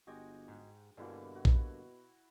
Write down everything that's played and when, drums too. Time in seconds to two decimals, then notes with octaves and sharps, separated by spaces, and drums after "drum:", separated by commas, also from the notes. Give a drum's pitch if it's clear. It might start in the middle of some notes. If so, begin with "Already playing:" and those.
0.07 G1 G#3 F#4 G4 D#5 G#6
0.48 G#2
0.97 G2 B2 D3 G3 G#3 A#3 E4 F#4
1.35 F#4
1.45 drum: kick